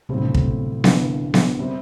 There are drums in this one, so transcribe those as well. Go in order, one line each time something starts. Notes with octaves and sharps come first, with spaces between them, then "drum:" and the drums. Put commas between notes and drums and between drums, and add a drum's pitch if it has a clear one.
B1 A2 C3 G3 C4
D3
C3
drum: kick
B2
G1 G2 C3 E3, drum: snare B3
drum: snare B3
C3 G3 C4